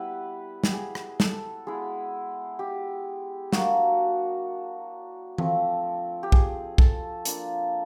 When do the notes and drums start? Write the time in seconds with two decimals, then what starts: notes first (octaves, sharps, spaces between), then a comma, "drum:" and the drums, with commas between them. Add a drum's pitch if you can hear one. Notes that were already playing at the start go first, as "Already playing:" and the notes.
Already playing: G3 B3 E4 B4
0.64 G4, drum: snare
0.73 G#4
0.95 drum: rim click
1.20 A4, drum: snare
1.67 G#3 B3 E4 G#4
2.59 G4
3.53 F#3 A#3 D4 F#4, drum: snare
5.38 F3 A3 C4, drum: tom E3
6.23 G4
6.32 G#4, drum: kick B1
6.78 A4, drum: kick B1
7.25 A#3 D4 F4, drum: hi-hat